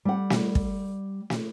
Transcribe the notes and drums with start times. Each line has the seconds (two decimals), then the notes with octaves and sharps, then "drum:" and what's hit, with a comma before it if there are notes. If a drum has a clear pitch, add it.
0.05 G3 F#5
0.30 drum: snare
0.55 drum: kick
1.30 drum: snare